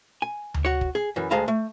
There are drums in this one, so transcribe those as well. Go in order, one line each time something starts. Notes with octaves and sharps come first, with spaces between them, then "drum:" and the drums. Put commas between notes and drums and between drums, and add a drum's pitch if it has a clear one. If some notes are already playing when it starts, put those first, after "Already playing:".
G#5
drum: tom D2
F#4 C#5
drum: kick
G#4
F#2 E3
D2 G#3 F5 A5 A#5
A3